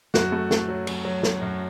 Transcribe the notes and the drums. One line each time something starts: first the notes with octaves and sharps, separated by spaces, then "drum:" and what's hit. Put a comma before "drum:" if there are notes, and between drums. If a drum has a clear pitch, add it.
F#2 F#4, drum: snare
A3
A3, drum: snare
F#3
F#3, drum: cymbal
F#3
F#3, drum: snare
F#2